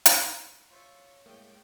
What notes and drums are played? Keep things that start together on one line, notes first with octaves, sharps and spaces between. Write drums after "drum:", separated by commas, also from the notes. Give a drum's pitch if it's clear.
drum: hi-hat
F4 C5 C#5 E5 C#6
A2 G#3 A#3 G5